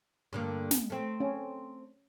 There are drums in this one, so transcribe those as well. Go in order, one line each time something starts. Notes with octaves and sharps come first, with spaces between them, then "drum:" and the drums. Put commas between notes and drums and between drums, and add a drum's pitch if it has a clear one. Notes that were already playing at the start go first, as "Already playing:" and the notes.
G2 D3 A#3
drum: snare
A3 C4
C#4